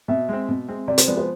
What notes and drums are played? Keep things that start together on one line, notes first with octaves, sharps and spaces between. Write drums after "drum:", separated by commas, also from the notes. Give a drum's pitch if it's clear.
B2 E5
G#3 C4
B2
G#3 C4
C3 D5
C5, drum: hi-hat
F3 G#3 B3 D5
C5